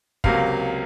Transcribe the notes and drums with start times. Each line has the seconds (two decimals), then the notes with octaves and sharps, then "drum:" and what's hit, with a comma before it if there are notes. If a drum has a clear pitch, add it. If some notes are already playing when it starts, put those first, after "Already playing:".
0.24 C#2 C3 F#3 A#3 F5, drum: kick